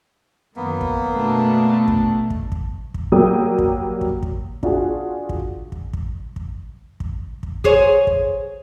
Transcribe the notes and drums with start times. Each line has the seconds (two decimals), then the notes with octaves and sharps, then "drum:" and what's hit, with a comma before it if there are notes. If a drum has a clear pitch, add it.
0.56 F#2 D#3 A#3 B3
0.81 drum: kick
1.15 B2 A3 D4
1.88 drum: kick
2.30 drum: kick
2.52 drum: kick
2.94 drum: kick
3.12 F#3 G3 A#3 G5 D#6
3.58 drum: kick
4.01 drum: kick
4.23 drum: kick
4.63 D4 F4 F#4 G#4, drum: kick
5.29 drum: kick
5.72 drum: kick
5.93 drum: kick
6.36 drum: kick
7.00 drum: kick
7.43 drum: kick
7.64 G#4 C5 C#5, drum: kick
8.07 drum: kick